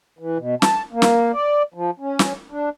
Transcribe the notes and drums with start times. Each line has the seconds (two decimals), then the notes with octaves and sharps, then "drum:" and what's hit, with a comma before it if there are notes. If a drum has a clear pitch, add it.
0.19 E3
0.38 B2
0.62 A5, drum: snare
0.92 A#3
1.02 drum: snare
1.33 D5
1.74 F3
2.00 C#4
2.19 drum: snare
2.51 D4